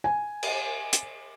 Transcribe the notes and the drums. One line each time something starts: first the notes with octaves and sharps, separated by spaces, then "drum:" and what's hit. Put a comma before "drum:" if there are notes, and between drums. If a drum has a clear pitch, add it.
G#5
drum: cymbal
drum: hi-hat